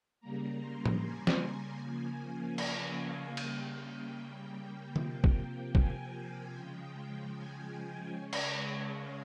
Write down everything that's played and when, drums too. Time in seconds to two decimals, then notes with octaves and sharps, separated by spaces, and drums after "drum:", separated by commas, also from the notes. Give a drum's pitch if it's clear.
0.20 C#3 G3 A#3 A#5
0.60 C6
0.86 drum: tom
1.00 G#5
1.27 drum: snare
1.79 C#3 F3 A#3
2.58 F5, drum: cymbal
3.37 C#3 G3 A#3 G5, drum: cymbal
4.96 C3 F3 A#3, drum: tom D3
5.24 drum: kick
5.75 G#5, drum: kick
6.55 C#3 F3 G#3 G5
7.34 G#5
8.13 C#3 G#3 C#5
8.33 drum: cymbal
8.93 F5